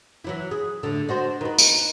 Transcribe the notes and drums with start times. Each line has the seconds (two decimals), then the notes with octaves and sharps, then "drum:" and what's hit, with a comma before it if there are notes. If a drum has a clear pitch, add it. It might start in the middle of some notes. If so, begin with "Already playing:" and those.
0.24 E3 F#3 E4
0.51 G#4
0.83 A2 D3
1.09 D4 F#4 C5
1.41 D#3 B4
1.58 drum: tambourine